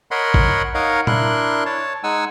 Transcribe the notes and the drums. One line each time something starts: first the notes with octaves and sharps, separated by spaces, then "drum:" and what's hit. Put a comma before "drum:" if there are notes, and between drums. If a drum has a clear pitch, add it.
A#4 C#5 D#5 F#5 B5 C6
drum: kick A1
D#4 A#4 C#5 D#5 F5 F#5
D4 E4 A#4 C6 F#6, drum: tom A#2
C#5 A5
G#3 D#4 F#5 G#5 E6